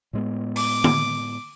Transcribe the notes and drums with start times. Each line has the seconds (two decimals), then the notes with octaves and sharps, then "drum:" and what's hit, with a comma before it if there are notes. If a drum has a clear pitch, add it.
0.13 A2 G#3 B3
0.56 D6, drum: open hi-hat
0.84 drum: tom D3